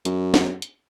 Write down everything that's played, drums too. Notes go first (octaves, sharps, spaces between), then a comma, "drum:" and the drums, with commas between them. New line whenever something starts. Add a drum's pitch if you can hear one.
F#2, drum: hi-hat
drum: snare
drum: hi-hat